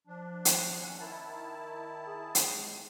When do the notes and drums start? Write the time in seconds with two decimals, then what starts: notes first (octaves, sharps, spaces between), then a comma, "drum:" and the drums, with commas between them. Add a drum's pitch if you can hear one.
0.07 F3 D4
0.45 drum: hi-hat
0.81 A#3 C#4 F#5
0.99 D#3 E4 A#4 A5
2.07 G#4
2.35 drum: hi-hat
2.51 G#3